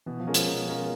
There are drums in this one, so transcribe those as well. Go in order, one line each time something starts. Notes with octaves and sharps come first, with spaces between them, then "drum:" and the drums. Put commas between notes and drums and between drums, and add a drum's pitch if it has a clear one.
B2 E3
F3
G#3 C#4 F4 A#4
F3, drum: hi-hat
B2
G#3 C#4 F4 A#4